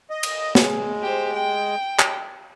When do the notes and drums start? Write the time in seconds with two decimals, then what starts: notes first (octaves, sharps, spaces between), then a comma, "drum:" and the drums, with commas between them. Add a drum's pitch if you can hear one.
0.11 D#5
0.23 drum: cymbal
0.55 G#3, drum: snare
1.02 G4 C5
1.33 G5
1.99 drum: clap